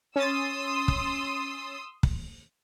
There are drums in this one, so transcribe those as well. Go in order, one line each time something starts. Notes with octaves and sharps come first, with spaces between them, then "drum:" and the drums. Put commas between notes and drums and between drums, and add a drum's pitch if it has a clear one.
C#4 C6 D#6 E6 A6
drum: kick
drum: kick